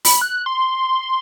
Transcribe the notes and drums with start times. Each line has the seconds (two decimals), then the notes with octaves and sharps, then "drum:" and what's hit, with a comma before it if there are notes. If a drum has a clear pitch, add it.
0.05 B5, drum: open hi-hat
0.21 F#6
0.46 C6